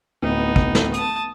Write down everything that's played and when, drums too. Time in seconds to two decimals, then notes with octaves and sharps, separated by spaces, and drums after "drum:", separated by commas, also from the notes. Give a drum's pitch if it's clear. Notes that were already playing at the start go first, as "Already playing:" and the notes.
0.23 D1 B3 D#4
0.56 drum: kick
0.75 drum: snare
0.94 A5 D#6, drum: hi-hat